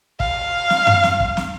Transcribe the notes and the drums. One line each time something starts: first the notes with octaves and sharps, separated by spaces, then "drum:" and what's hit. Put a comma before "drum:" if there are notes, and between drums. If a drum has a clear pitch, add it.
F5, drum: kick
drum: snare
drum: tom F#2
drum: snare
drum: kick
drum: snare